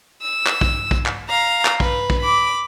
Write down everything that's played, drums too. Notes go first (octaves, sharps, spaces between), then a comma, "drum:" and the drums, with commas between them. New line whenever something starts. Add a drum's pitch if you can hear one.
E6
drum: clap
drum: kick
drum: kick
drum: clap
F5 A#5
drum: clap
B4, drum: kick
drum: kick
B5 D6